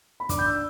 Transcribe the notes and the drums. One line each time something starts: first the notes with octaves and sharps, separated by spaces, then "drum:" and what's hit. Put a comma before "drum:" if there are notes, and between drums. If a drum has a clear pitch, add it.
B5
D4 D6, drum: kick, hi-hat
G6
E6